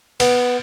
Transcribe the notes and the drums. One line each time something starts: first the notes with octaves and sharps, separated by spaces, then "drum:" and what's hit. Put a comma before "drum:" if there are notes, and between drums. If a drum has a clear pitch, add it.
B3, drum: cymbal